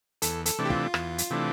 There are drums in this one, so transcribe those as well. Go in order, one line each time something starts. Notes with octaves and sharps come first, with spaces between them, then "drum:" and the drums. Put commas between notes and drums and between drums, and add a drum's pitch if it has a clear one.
E2 A4, drum: hi-hat
A4, drum: hi-hat
C3 E3 A3 D4
G4
F4, drum: kick
E2, drum: rim click
drum: hi-hat
C3 E3 A3 D4